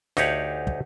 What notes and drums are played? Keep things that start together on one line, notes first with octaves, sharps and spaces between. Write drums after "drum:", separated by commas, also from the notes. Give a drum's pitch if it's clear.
D2 D#4 G4 C#5 F5 F#5, drum: snare
drum: kick